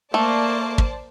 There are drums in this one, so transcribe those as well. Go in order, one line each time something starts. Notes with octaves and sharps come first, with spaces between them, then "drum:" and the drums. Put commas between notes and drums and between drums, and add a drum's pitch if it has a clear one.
A3 A#3 C5 D5 A5
drum: kick